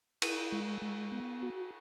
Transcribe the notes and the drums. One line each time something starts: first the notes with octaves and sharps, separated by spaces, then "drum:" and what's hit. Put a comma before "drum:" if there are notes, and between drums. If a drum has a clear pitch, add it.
E4, drum: cymbal
G#3
G#3
B3
F#4